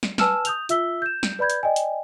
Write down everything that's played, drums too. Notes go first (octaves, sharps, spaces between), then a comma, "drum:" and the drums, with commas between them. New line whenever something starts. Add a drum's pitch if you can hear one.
drum: snare
B4 G#5 A5 E6 F6 E7, drum: snare
D#6 G6 F7, drum: hi-hat
F4 E5 E6 B6 G7, drum: hi-hat
G6 E7
drum: snare
B4 D5 B5 G6 G#6
drum: hi-hat
D5 D#5 G5 G#5
drum: hi-hat